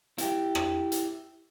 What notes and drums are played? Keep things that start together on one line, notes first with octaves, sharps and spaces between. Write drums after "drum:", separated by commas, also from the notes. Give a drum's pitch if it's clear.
E4 G4, drum: hi-hat
drum: rim click
drum: hi-hat